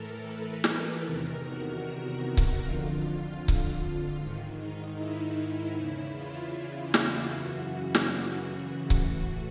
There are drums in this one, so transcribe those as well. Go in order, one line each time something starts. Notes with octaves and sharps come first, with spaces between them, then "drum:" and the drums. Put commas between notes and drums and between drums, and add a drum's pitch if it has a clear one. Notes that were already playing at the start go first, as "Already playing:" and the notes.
Already playing: A2 E3 A4 A#4
B4
B4, drum: snare
E2 C3 D#3 A#4
F#4
drum: kick C#1
F2 D3 F4
F4
drum: kick C#1
G#2 D#3
D#4
E4
E2 C#3 E3 E4
F4
F#4, drum: snare
F#2 C#3 E3
drum: snare
F#4
F#4
A2 E3, drum: kick C#1